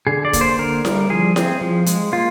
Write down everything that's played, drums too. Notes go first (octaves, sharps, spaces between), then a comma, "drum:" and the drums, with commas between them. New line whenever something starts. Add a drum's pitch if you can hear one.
D3 G#4
D5
A#3, drum: kick, hi-hat
C5
D3 A#4
G3, drum: snare E4
F3 G#4
C4, drum: snare E4
F3
G#3, drum: hi-hat
A#3 F4